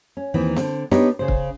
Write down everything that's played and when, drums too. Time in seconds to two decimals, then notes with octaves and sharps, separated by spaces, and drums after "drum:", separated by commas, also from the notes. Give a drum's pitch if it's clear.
0.17 C#4
0.34 D#2 D#3 E3 C4
0.56 D3 C4, drum: snare B3
0.91 B3 D4 D#4 G4 C#5, drum: snare B3
1.19 C#3 C5
1.28 drum: kick